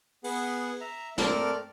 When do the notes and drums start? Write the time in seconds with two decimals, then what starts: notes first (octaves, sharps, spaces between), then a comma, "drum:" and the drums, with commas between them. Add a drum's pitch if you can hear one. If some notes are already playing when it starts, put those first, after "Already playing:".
0.24 B3 G#4 B4 F#5, drum: open hi-hat
0.81 E5 A#5
1.18 A3 C4 A4 A#4 D5 F6, drum: snare